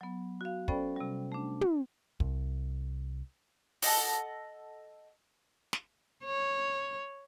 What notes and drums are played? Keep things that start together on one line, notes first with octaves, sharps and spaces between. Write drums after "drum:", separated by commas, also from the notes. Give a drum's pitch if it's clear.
F#3 B3
F#4 F5
C#4 A4 C5 D5 G5 B5, drum: kick
C3 G3
A3 D4
drum: tom
C2, drum: kick
A4 D#5 F#5 A5, drum: open hi-hat
drum: snare
C#5